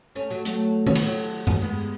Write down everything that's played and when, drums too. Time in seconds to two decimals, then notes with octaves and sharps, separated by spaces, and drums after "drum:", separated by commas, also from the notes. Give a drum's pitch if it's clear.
0.15 A3 C#4
0.30 F#3 A3
0.45 F#3 A3, drum: hi-hat
0.87 C#4, drum: tom D#3
0.95 B3, drum: cymbal
1.03 F#3 A3
1.47 drum: tom G2
1.62 G#3 B3